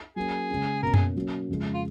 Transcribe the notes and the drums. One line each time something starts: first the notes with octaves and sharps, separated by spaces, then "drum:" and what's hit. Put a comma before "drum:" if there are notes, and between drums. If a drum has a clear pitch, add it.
F#3 A#3 C#4 G#4
C#3 G#3 C#4
B2 A#3 C#4 A#4
G#4, drum: tom F#2
F#3 A#3 C#4
F2 C#3 G#3
F4